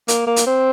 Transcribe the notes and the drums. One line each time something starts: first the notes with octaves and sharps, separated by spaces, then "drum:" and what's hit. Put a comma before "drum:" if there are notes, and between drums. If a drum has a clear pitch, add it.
A#3, drum: hi-hat
A#3
drum: hi-hat
C4